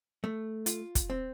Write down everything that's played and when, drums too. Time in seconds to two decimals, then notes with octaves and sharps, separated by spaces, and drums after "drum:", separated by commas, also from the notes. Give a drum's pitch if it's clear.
0.24 A3
0.66 F4, drum: hi-hat
0.95 drum: kick, hi-hat
1.10 C4